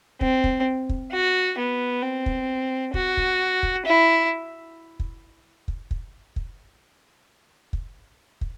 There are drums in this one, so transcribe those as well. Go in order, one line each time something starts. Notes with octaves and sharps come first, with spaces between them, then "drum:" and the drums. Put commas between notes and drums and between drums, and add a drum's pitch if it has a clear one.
C4, drum: kick
drum: kick
drum: kick
F#4
B3
C4
drum: kick
F#4, drum: kick
drum: kick
drum: kick
E4
drum: kick
drum: kick
drum: kick
drum: kick
drum: kick
drum: kick